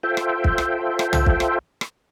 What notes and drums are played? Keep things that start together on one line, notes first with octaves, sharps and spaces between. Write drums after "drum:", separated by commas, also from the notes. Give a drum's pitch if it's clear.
F4 A4 C5 E5 G5
drum: rim click
drum: kick
drum: rim click
drum: rim click
drum: tom
drum: kick
drum: rim click
drum: rim click